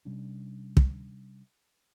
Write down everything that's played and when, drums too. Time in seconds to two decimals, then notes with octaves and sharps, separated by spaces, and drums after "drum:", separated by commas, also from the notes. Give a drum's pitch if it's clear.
0.05 C3 G3 C#4 D4
0.77 drum: kick